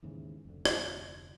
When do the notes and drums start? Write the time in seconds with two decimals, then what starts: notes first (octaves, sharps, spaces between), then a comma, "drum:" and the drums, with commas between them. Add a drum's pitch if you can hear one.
0.03 D#2 G#2 C#3 E3
0.45 F1 D2
0.65 drum: rim click